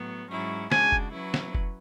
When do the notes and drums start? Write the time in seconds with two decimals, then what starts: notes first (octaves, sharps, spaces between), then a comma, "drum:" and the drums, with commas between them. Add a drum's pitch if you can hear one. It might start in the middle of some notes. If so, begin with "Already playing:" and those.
Already playing: A2 F#3 B3
0.30 G#2 F#3 C#4 E4
0.72 C#3 G#3 D4 F#4 G#5, drum: snare
0.92 drum: kick F1
1.13 F#3 C#4 E4 B4
1.34 drum: snare
1.55 drum: kick F1